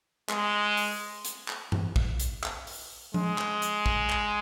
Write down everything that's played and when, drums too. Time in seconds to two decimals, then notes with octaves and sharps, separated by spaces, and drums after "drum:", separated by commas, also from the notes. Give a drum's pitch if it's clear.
0.29 G#3, drum: clap
0.77 drum: open hi-hat
1.25 drum: hi-hat
1.48 drum: clap
1.72 drum: tom G2
1.96 drum: kick
2.20 drum: hi-hat
2.43 drum: clap
2.67 drum: open hi-hat
3.14 G#3, drum: tom F3
3.38 drum: clap
3.62 drum: hi-hat
3.86 drum: kick
4.09 drum: clap